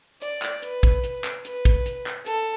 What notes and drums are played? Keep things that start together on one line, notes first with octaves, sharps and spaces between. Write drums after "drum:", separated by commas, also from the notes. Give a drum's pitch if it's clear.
D5, drum: hi-hat
drum: clap
B4, drum: hi-hat
drum: kick, hi-hat
drum: hi-hat
drum: clap
B4, drum: hi-hat
drum: kick, hi-hat
drum: hi-hat
drum: clap
A4, drum: hi-hat